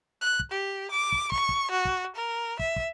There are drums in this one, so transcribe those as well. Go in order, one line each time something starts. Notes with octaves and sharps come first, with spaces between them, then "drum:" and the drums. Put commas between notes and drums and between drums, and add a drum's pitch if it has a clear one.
F#6
drum: kick
G4
D6
drum: kick
C#6, drum: kick
drum: kick
F#4
drum: kick
A#4
E5, drum: kick
drum: kick